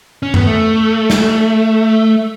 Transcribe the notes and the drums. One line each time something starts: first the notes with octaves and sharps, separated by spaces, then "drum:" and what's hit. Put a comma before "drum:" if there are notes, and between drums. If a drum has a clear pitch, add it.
C#4
B3, drum: tom
A3
drum: snare